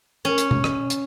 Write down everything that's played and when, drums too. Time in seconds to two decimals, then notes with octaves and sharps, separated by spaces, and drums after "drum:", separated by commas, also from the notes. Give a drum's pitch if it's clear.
0.25 C#4
0.38 drum: hi-hat
0.51 drum: tom B2
0.64 drum: rim click
0.90 drum: hi-hat